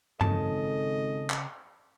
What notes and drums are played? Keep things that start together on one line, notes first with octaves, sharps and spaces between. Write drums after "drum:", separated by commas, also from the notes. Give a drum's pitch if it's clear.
G#1 C#3 A4 D#5 A5, drum: tom G2
drum: clap